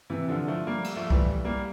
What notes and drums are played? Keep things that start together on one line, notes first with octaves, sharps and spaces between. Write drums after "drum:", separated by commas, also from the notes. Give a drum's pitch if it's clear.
C3 E3
D3 F3
F3 A3
G3 A#3
drum: cymbal
F3 A3
E3 G3, drum: kick C2
G3 A#3